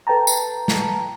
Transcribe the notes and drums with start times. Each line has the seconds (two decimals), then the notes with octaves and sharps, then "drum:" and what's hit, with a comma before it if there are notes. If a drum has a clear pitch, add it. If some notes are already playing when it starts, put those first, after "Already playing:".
0.07 A4 B4 G5 A5 A#5
0.27 drum: tambourine
0.68 drum: snare